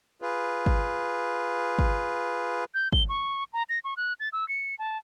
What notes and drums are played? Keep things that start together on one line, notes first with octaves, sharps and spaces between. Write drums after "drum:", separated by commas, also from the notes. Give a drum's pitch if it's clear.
F4 G#4 B4
drum: kick
drum: kick
G6
G7, drum: kick
C#6
A#5
A#6
C#6
F#6
A6
E6
C#7
A5